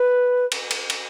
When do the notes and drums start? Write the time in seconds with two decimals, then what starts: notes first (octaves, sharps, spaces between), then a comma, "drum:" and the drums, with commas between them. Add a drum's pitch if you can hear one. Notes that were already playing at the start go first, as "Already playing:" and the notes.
Already playing: B4
0.52 drum: cymbal
0.71 drum: cymbal
0.90 drum: cymbal